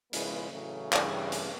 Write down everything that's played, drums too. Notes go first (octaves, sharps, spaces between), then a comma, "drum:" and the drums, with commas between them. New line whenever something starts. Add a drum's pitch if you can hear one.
G#1 C#3 F3 G#3 B3 E4, drum: hi-hat
A2 C#3 E3 F#3 A3
G2 C#3 E3, drum: clap
drum: hi-hat